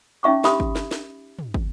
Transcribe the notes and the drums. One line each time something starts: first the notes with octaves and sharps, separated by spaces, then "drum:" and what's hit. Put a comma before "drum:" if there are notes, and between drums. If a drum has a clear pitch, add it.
C#4 D#4 E5 C#6 D6
G4 E5 B5 D#6, drum: snare
drum: kick
drum: snare
drum: snare
drum: tom
drum: kick